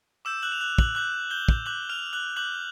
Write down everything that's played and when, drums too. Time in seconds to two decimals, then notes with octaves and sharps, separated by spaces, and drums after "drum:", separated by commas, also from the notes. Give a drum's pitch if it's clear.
0.25 D6 E6 G6 E7
0.42 F#6 F#7
0.52 F7
0.61 F#6 F#7
0.78 F#6 F#7, drum: kick
0.95 D6 F#6 G6 F#7
1.30 G6 G7
1.49 drum: kick
1.66 D6 F#6 G6 F#7
1.89 F6 F7
2.13 F#6 F#7
2.36 D6 F#6 G6 F#7